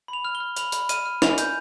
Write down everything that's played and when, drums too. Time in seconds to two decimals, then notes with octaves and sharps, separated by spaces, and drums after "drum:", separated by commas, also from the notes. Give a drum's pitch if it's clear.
0.08 B5
0.13 F7
0.25 F6 F7
0.35 G7
0.40 F6
0.56 B5 F7, drum: hi-hat
0.72 B5, drum: hi-hat
0.89 F6 D#7, drum: hi-hat
1.06 F6
1.22 G#5 F7, drum: snare
1.38 G6, drum: hi-hat